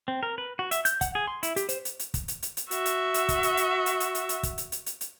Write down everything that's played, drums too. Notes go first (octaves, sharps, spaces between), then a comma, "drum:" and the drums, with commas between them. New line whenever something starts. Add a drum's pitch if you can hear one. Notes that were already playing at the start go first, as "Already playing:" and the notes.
C4
A#4
B4
F#4
E5, drum: hi-hat
G6, drum: hi-hat
F#5, drum: kick, hi-hat
G#4
C6
E4, drum: hi-hat
G4, drum: hi-hat
C5, drum: hi-hat
drum: hi-hat
drum: hi-hat
drum: kick, hi-hat
drum: hi-hat
drum: hi-hat
drum: hi-hat
F#4 E5, drum: hi-hat
drum: hi-hat
drum: hi-hat
drum: kick, hi-hat
drum: hi-hat
drum: hi-hat
drum: hi-hat
drum: hi-hat
drum: hi-hat
drum: hi-hat
drum: kick, hi-hat
drum: hi-hat
drum: hi-hat
drum: hi-hat
drum: hi-hat